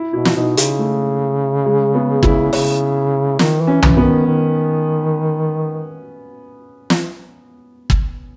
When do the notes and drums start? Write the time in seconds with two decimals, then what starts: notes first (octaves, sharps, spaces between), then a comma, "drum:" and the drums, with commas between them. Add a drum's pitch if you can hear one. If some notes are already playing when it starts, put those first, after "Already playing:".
Already playing: E4
0.13 B2 E4
0.25 drum: snare
0.35 B2 D#4
0.57 C#3, drum: hi-hat
0.79 A3
1.66 G#3
1.94 B3
2.23 E4, drum: kick
2.53 C#3, drum: open hi-hat
3.39 D#3, drum: snare
3.61 E3
3.67 C#4
3.82 E3, drum: tom
3.97 B3
4.04 D#3
4.26 D#3
6.90 drum: snare
7.90 drum: kick